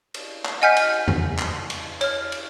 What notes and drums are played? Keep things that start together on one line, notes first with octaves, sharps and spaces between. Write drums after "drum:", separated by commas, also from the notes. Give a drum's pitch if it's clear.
drum: cymbal
drum: clap
D#5 F#5 G#5 F6 G6 B6
drum: cymbal
drum: tom E2
drum: clap
drum: cymbal
C#5 F6, drum: cymbal
drum: cymbal